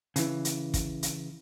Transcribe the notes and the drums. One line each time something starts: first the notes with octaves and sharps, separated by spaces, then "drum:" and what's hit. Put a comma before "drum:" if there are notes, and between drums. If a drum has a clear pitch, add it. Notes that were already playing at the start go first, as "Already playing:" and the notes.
C#3 E3, drum: hi-hat
drum: hi-hat
drum: kick, hi-hat
drum: hi-hat